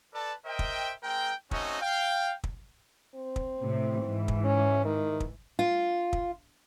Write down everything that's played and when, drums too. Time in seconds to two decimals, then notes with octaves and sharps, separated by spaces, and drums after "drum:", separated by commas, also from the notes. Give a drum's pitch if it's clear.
0.13 A4 B4 D5 A5
0.46 A#4 C5 D#5 E5 G5
0.59 drum: kick
1.03 G#3 C4 A#4 G5
1.51 A3 C4 C#4 D#4 F#4 D#5, drum: kick
1.81 F5 G5
2.44 drum: kick
3.15 C4
3.36 drum: kick
3.62 A2 C3
4.04 G#2 E3
4.28 drum: kick
4.44 C#4
4.85 D#3
5.20 drum: kick
5.59 F4
6.13 drum: kick